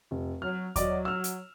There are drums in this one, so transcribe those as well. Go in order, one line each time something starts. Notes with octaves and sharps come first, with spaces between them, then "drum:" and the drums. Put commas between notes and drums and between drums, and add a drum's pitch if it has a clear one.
F1
F#3 F6
F#3 D5 D#5 D6, drum: kick D#2, hi-hat
E6 F6
drum: hi-hat